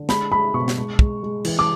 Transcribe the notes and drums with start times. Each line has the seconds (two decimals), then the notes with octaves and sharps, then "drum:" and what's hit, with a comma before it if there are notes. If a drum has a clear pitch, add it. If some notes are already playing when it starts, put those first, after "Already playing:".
Already playing: D3
0.09 G#3 B5, drum: snare
0.31 G#3 B5
0.54 B2 C#6
0.68 drum: snare
0.77 G#3
0.99 G#3, drum: kick
1.23 G#3
1.45 E3, drum: cymbal
1.59 D6